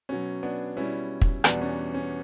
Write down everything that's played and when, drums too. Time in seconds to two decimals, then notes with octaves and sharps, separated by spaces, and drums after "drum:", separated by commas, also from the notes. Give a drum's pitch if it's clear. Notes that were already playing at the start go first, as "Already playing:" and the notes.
0.09 B2 F#3 C#4
0.43 B3 D4
0.77 B2 G3 C#4 E4
1.21 drum: kick
1.44 E2 B2 G3 B3 D4, drum: rim click
1.61 C#4
1.94 C#4